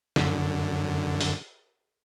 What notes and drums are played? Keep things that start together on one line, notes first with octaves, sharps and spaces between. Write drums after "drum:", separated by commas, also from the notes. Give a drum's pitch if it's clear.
F#2 D3, drum: snare
drum: open hi-hat